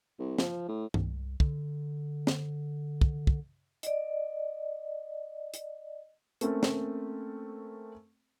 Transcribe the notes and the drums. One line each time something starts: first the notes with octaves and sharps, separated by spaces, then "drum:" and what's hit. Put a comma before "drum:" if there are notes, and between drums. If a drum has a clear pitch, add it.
C2
F3, drum: snare
A2
C2, drum: tom G2
D3, drum: kick
drum: snare
drum: kick
drum: kick
D5 D#5, drum: hi-hat
drum: hi-hat
A3 A#3 C4 C#4 A4, drum: hi-hat
drum: snare